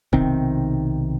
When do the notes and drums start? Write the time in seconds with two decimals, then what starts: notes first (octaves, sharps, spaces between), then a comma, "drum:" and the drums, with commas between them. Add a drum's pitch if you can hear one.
0.13 B1 C3 D#3 C4, drum: kick